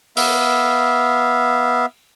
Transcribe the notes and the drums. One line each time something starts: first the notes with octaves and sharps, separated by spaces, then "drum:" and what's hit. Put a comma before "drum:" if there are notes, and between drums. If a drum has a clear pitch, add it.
B3 E5 F5, drum: open hi-hat